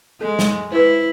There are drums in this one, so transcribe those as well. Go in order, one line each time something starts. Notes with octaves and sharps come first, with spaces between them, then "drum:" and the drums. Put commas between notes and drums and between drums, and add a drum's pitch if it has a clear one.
G#3 A4
drum: snare G#3
E4 B4 C5